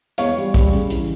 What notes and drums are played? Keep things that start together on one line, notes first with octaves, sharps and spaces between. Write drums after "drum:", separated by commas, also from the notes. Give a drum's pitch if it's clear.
E2 C#5 F5, drum: hi-hat
G3
G3, drum: kick, hi-hat
C#3
E3, drum: hi-hat